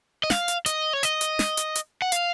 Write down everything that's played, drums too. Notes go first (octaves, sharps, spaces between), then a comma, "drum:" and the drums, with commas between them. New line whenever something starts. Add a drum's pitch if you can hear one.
D#5
F5, drum: snare
drum: hi-hat
D#5, drum: hi-hat
C#5
D#5, drum: hi-hat
drum: hi-hat
drum: snare
drum: hi-hat
drum: hi-hat
F#5
F5, drum: hi-hat